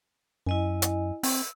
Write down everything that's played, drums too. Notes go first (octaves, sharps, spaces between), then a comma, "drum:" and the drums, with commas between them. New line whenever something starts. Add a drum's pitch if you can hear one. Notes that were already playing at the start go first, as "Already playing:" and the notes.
F#2 E4 D#5 G#5
drum: hi-hat
C4 E6, drum: open hi-hat